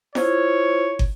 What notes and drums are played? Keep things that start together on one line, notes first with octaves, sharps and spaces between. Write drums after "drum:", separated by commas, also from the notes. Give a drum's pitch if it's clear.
E4 F4 C5 C#5, drum: snare F4
drum: kick